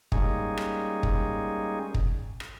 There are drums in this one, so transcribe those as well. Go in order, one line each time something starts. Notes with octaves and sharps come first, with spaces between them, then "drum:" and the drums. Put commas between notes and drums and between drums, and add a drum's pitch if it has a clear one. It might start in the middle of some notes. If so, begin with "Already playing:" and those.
G3 G#3 A#3 C#4 D#4 G#4, drum: kick
drum: rim click
drum: kick
drum: kick
drum: rim click